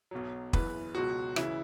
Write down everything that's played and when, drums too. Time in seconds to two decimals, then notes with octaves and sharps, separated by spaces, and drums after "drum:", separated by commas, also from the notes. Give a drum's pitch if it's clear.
0.11 B1 B2 F#3
0.53 F#1 E2 E3 B4, drum: kick
0.95 C#2 B2 F#3 F#4
1.36 C#2 C#3 E3 E4, drum: rim click